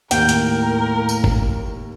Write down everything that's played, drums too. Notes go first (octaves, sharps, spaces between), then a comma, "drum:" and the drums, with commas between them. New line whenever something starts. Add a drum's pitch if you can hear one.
D#2 A2 A#4 G5, drum: hi-hat
drum: hi-hat
drum: tambourine
drum: kick